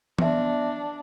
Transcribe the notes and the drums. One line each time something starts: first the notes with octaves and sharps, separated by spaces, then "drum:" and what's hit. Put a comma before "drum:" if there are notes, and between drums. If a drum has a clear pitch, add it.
B3 D4 E5, drum: tom